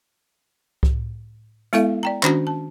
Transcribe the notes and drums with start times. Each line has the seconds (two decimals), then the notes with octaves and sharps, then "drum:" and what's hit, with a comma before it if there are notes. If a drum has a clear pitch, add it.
0.83 drum: kick C2
1.73 G#3 B3 E4 A4 E5 F5, drum: hi-hat
2.03 D5 G5 A#5
2.23 D#3 C#4 D4 F#4, drum: clap
2.47 A5